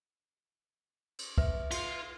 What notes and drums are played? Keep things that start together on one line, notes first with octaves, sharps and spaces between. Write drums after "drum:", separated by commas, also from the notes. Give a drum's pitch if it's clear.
drum: cymbal
B4 E5 F6, drum: kick
F4, drum: cymbal